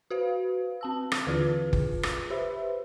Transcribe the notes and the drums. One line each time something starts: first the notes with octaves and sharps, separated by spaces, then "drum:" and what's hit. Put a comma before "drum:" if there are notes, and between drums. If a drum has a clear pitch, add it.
F#4 B4 F5
C4 A5 E6
drum: rim click
D#2 D3 E3 F4 G#4 B4
drum: kick F#1
drum: rim click
G4 B4 C5 E5